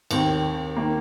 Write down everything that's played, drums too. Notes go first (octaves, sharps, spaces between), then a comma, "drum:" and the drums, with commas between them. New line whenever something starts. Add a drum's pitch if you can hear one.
D#2 D#3 C4, drum: cymbal
D#3 A#3